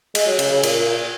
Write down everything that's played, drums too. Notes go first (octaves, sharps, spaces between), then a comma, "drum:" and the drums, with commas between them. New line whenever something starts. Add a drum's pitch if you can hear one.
G#3, drum: cymbal
F#3
C#3, drum: cymbal
C#3
A#2, drum: cymbal
A#2